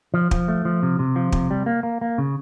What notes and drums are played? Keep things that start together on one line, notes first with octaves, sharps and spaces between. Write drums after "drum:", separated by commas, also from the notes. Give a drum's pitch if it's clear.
F3
F3, drum: kick
A3
F3
C3
C3
F3
C3, drum: kick
G3
A#3
A#3
A#3
C#3